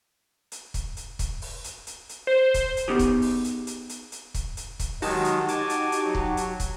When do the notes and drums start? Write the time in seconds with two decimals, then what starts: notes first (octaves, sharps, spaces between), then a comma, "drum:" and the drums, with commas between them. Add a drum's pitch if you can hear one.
0.52 drum: hi-hat
0.74 drum: kick, hi-hat
0.97 drum: hi-hat
1.19 drum: kick, hi-hat
1.42 drum: open hi-hat
1.64 drum: hi-hat
1.87 drum: hi-hat
2.09 drum: hi-hat
2.27 C5
2.54 drum: kick, hi-hat
2.77 drum: hi-hat
2.88 B3 D#4 G4 G#4
2.99 drum: kick, hi-hat
3.22 drum: open hi-hat
3.44 drum: hi-hat
3.67 drum: hi-hat
3.89 drum: hi-hat
4.12 drum: hi-hat
4.34 drum: kick, hi-hat
4.57 drum: hi-hat
4.79 drum: kick, hi-hat
5.02 D#3 F#3 G#3 D#4 F#4 G4 A5, drum: open hi-hat
5.25 drum: hi-hat
5.48 G#5 D6, drum: hi-hat
5.70 drum: hi-hat
5.92 drum: hi-hat
6.04 F#3
6.15 drum: kick
6.37 drum: hi-hat
6.60 drum: kick, hi-hat